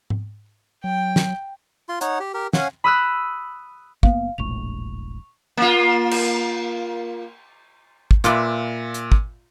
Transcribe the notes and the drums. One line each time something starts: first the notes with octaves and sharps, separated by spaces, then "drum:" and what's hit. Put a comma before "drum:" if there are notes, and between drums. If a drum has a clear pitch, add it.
drum: tom G#2
F#3 G5
drum: snare
F4 C6
D#4 C#5 F#5, drum: hi-hat
G4
G4 A#4
C#4 F5 F#5 G#5, drum: snare
B5 D#6 E6 F#6
G1 A#3 B3 F5, drum: kick
E1 A#1 A2 C#6 F7
A#3 F4
drum: cymbal
drum: kick
A#2 F4 B4 D5 E5, drum: hi-hat
drum: hi-hat
drum: kick